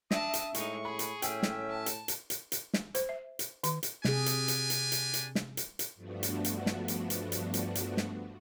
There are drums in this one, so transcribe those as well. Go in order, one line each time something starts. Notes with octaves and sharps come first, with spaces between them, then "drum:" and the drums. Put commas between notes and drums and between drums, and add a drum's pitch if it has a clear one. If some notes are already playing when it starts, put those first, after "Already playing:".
D4 E5 A5 D#6 A#6, drum: snare
drum: hi-hat
A2 G#3 D#4 C#6, drum: hi-hat
G#4 B5
drum: hi-hat
A2 C#4 E5 G5, drum: hi-hat
drum: snare
A5
drum: hi-hat
drum: hi-hat
drum: hi-hat
drum: hi-hat
drum: snare
C5, drum: hi-hat
E5
drum: hi-hat
D#3, drum: hi-hat
drum: hi-hat
C3 D4 G4 G#4 G#5, drum: snare
drum: hi-hat
drum: hi-hat
drum: hi-hat
drum: hi-hat
drum: hi-hat
drum: snare
drum: hi-hat
drum: hi-hat
G2 F3 A3 B3 D4 F#4
drum: hi-hat
drum: hi-hat
drum: snare
drum: hi-hat
drum: hi-hat
drum: hi-hat
drum: hi-hat
drum: hi-hat
drum: snare